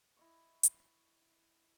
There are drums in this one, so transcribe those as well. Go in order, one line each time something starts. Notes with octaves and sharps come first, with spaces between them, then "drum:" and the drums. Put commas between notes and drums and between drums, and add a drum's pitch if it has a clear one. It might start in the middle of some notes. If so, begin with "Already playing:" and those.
E4 D#5 C#6
drum: hi-hat